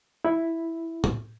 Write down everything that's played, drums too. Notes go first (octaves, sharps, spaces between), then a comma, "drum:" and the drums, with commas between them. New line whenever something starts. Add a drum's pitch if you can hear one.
E4
drum: tom